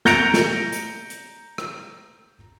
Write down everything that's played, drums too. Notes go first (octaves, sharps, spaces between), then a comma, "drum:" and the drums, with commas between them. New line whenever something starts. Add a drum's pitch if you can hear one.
A#5 G6 A#6 C#7 D7 F7, drum: snare
drum: snare
drum: hi-hat
drum: hi-hat
drum: rim click